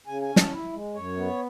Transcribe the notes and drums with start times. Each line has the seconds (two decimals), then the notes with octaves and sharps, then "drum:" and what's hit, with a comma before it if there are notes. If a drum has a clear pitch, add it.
0.07 C#3 G#5
0.22 G#5
0.29 C#4
0.36 A5, drum: snare
0.51 E4
0.73 G#3
0.94 F#2 C#5
1.17 B3